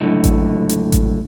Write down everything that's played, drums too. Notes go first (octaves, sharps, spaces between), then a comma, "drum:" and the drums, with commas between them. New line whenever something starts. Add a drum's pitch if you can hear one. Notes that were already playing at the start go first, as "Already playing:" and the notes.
C#2 F#2 A2 D3
drum: kick A1, hi-hat
drum: hi-hat
drum: kick A1, hi-hat